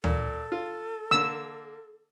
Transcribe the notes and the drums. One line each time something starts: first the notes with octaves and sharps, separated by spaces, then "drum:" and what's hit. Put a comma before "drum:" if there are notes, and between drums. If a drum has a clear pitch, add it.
A#2 A#3 A4, drum: tom D2
F4
D3 A#3 E6